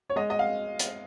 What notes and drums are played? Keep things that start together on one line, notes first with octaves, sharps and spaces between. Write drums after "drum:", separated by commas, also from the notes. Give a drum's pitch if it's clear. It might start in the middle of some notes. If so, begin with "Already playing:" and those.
C#5
G#3 D#5
D#5
F5
drum: hi-hat